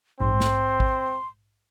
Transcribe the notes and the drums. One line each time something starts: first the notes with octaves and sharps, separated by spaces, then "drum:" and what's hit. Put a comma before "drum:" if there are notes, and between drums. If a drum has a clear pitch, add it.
A#1 G#2 C4 C6
drum: snare
drum: kick A1